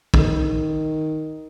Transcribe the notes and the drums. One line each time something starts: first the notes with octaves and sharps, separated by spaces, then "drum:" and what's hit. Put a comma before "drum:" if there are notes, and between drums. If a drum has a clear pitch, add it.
D#3, drum: kick